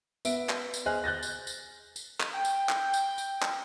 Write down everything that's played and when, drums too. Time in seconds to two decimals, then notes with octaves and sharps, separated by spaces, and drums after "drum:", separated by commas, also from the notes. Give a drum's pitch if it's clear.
0.25 B3 E5 D7, drum: tambourine
0.49 drum: clap
0.74 drum: tambourine
0.86 G#4 C5 D#5 G#5 F6 F#6
1.04 F#6 G6 A6 A#6
1.23 drum: tambourine
1.47 drum: tambourine
1.96 drum: tambourine
2.20 drum: clap
2.35 G5
2.45 drum: tambourine
2.69 drum: clap
2.94 drum: tambourine
3.18 drum: tambourine
3.42 drum: clap